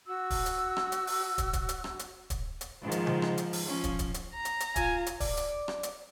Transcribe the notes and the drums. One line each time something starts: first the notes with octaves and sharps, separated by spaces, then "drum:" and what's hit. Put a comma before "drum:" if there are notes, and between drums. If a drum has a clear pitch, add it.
F#4 E6
drum: kick, open hi-hat
drum: hi-hat
drum: rim click
drum: hi-hat
drum: open hi-hat
drum: kick, hi-hat
drum: kick, hi-hat
drum: hi-hat
drum: rim click
drum: hi-hat
drum: kick, hi-hat
drum: hi-hat
G#2 D#3 F3
drum: hi-hat
drum: tom C#3
drum: rim click
drum: hi-hat
drum: open hi-hat
F3 C#4
drum: kick, hi-hat
drum: kick, hi-hat
drum: hi-hat
A#5
drum: hi-hat
drum: hi-hat
F4 G#5, drum: kick, hi-hat
drum: hi-hat
D5, drum: kick, open hi-hat
drum: hi-hat
drum: rim click
drum: hi-hat